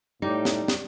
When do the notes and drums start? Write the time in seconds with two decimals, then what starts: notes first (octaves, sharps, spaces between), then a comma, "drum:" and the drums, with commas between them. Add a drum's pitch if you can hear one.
0.22 A2 G3 D#4
0.45 drum: snare
0.68 drum: snare